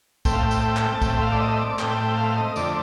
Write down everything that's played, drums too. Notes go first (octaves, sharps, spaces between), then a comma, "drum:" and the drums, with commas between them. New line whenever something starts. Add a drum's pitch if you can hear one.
A2 A3 C4 G5, drum: kick, tambourine
F5
G5
drum: tambourine
drum: clap
A5
A2 A3 C4 G5, drum: kick, tambourine
F5
D5
D#5
D5
A2 A3 C4 G5, drum: clap
G5
F5
D#5
F2 D3 A3 C4 D5, drum: tambourine